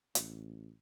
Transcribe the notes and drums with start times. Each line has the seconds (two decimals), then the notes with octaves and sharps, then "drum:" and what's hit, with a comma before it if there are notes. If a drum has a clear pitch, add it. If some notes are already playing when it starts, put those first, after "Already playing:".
0.15 A1, drum: hi-hat